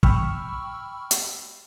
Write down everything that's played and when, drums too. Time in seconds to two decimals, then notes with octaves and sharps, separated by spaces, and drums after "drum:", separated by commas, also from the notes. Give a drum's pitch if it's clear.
0.03 G5 B5 C#6 E6 F6, drum: kick
1.11 drum: hi-hat